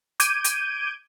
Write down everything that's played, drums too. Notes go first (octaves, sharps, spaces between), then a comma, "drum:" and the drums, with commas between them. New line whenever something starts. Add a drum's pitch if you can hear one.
D6 G6 G#6 D7 D#7, drum: hi-hat
drum: hi-hat